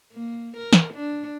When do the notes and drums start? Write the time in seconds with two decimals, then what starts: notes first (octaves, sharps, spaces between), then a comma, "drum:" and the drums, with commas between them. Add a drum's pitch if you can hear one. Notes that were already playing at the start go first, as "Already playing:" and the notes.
0.13 A#3
0.57 A#4
0.73 drum: snare
0.94 D4